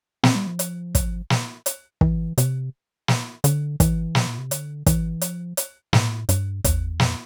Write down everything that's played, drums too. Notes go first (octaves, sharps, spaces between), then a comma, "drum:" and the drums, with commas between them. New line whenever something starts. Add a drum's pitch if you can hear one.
C4, drum: snare
G3
F3
drum: hi-hat
drum: kick, hi-hat
drum: snare
drum: hi-hat
E3, drum: kick
C3, drum: hi-hat
drum: snare
D3, drum: hi-hat
E3, drum: kick, hi-hat
F3, drum: snare
A#2
C3
D3, drum: hi-hat
E3, drum: kick, hi-hat
F3, drum: hi-hat
drum: hi-hat
A2, drum: snare
G2, drum: hi-hat
E2, drum: kick, hi-hat
F2, drum: snare